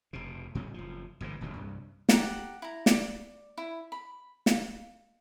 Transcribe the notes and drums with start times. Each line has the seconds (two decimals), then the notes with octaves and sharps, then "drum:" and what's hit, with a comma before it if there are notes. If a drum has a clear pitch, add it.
0.13 F1 B2
0.55 A2 C#3 G3 C#4
0.74 F#1 F3
1.21 G1 A2 C3 E3
1.41 D#1 B1 D3 F#3
1.54 C2 G2
2.09 G4 A4 F#5 A#5, drum: snare
2.62 E4 A#5
2.86 D5 D6, drum: snare
3.58 E4
3.92 B5
4.46 D#5 F5, drum: snare